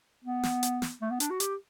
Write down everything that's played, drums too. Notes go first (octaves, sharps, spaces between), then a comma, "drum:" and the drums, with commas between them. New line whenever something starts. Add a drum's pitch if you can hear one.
B3
drum: snare
drum: hi-hat
drum: snare
A3
B3
D4, drum: hi-hat
F#4
G4, drum: hi-hat